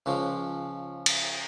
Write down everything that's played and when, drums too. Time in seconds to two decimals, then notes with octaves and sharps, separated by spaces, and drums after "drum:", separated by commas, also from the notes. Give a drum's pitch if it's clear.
0.06 C#2 C#3 F3
1.06 drum: cymbal